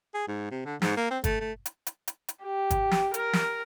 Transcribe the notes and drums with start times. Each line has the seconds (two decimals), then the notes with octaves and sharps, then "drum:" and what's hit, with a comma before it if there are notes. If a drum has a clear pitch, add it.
0.14 G#4
0.28 G#2
0.51 C3
0.65 D3
0.82 G#2, drum: snare
0.97 A#3
1.10 C4
1.24 A3, drum: kick, hi-hat
1.40 A3
1.66 drum: hi-hat
1.87 drum: hi-hat
2.08 drum: hi-hat
2.29 drum: hi-hat
2.43 G4
2.70 drum: kick, hi-hat
2.91 drum: snare
3.14 A#4, drum: hi-hat
3.33 drum: snare